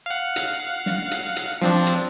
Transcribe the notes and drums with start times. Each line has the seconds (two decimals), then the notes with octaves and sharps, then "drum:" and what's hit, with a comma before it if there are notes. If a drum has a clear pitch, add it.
0.06 F5 F#5
0.36 drum: hi-hat
0.86 drum: snare
1.11 drum: hi-hat
1.36 drum: hi-hat
1.61 F3 C4 D4, drum: snare
1.87 drum: hi-hat